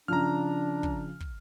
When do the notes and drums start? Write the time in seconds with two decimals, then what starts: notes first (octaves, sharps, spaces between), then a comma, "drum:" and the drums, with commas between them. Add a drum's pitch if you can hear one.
0.08 C#3 F3 D4 A#5 F6
0.83 drum: kick
1.20 drum: kick